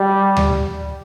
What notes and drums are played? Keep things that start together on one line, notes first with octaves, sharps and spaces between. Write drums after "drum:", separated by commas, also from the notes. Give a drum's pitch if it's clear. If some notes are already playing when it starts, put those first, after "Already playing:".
Already playing: G3
drum: tom D2